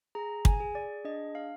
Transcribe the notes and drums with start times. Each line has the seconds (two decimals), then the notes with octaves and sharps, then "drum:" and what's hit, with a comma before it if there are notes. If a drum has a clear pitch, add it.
0.15 G#4 A#5
0.45 G#5, drum: kick
0.60 G#4
0.75 D5
1.04 D4 D#5
1.35 F5